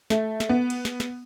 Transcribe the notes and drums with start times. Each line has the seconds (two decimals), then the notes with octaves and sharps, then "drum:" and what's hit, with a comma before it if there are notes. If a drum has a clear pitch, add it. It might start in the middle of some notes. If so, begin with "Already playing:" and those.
0.10 A3, drum: snare
0.40 drum: snare
0.49 B3
0.70 drum: cymbal
0.85 drum: snare
1.00 drum: snare